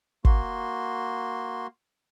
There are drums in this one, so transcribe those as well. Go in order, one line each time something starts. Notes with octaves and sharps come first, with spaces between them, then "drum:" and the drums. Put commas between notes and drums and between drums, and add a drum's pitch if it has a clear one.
A#3 F#4 C6, drum: kick